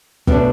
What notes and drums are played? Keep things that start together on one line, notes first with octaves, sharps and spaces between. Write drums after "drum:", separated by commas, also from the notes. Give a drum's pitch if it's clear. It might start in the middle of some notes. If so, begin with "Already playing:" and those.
B2 A3 D4, drum: kick